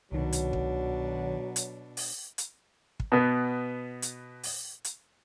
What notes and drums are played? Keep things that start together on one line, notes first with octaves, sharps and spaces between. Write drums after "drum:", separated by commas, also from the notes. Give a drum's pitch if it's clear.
C2 B2 D#3 F#3 D4
drum: hi-hat
drum: kick
drum: hi-hat
drum: open hi-hat
drum: hi-hat
drum: kick
B2 B3
drum: hi-hat
drum: open hi-hat
drum: hi-hat